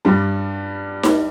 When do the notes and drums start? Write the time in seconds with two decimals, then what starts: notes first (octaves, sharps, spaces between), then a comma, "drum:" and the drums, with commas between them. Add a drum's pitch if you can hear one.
0.05 G2 G3
1.03 drum: snare D#4